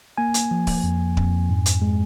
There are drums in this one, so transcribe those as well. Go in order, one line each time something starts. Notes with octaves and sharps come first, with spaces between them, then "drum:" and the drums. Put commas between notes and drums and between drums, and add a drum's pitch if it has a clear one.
A#3 G#5
drum: hi-hat
F3
drum: kick D1, open hi-hat
F2
F2, drum: kick D1
G#2
drum: hi-hat
G#3